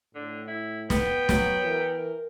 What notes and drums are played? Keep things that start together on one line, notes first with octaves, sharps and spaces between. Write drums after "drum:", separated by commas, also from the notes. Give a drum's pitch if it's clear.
A2 D3
E4
B3 G5, drum: snare
F#3, drum: snare
E3 A#4